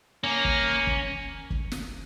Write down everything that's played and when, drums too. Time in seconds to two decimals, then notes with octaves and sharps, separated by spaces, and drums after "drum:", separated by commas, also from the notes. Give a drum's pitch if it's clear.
0.24 A#3 C#4
0.45 drum: kick
0.87 drum: kick
1.50 drum: kick
1.72 drum: snare